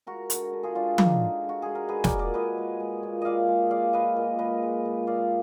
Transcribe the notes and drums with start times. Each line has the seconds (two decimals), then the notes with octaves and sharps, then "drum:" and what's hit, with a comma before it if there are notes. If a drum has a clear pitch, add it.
0.07 G#3 F#4 A#4
0.30 D3, drum: hi-hat
0.53 D3
0.63 F4 G#4
0.75 G#3 D4 F4
0.98 G#3 D#4, drum: tom F3
1.05 D4
1.12 D#4
1.20 D3
1.44 D3
1.49 F#4
1.62 G#3 G#4
1.75 A#4
1.88 G#3 G#4 B4
2.04 A#4 D5, drum: snare
2.12 A#2
2.19 A#4 D5
2.34 A#2 B4 D#5
2.58 G#3
2.80 G#3
3.03 A#2
3.22 A#2 D5 D#5 F5
3.48 G#3
3.71 G#3 D5 F5
3.93 A#2 B4 D#5
4.16 A#2
4.39 G#3 B4 D#5
4.62 G#3
4.85 A#2
5.07 A#2 D5 F5